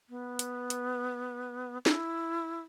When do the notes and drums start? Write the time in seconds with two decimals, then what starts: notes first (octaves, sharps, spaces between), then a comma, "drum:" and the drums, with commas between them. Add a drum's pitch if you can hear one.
0.09 B3
0.39 drum: hi-hat
0.70 drum: hi-hat
1.86 E4, drum: snare